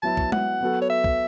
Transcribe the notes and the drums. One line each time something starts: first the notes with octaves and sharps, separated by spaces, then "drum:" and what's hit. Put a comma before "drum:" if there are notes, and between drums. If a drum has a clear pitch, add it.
F#3 B3 E4 A5
drum: kick
F#5, drum: tom G#3
F#3 B3 F#4 A4
C#5
E5
drum: kick